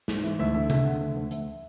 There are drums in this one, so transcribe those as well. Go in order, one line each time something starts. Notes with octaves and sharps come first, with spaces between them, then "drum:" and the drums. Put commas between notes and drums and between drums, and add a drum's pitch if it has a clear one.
G#2, drum: snare
E3
D2 E5
D3 E5
D2 E5, drum: tom C3
D3 F#5
D2
D2
D2 E5, drum: hi-hat